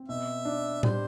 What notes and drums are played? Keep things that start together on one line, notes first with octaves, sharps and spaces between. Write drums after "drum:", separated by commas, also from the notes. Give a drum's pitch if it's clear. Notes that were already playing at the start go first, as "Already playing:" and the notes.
Already playing: C4
B2 E5
D4
G3 C5, drum: tom A2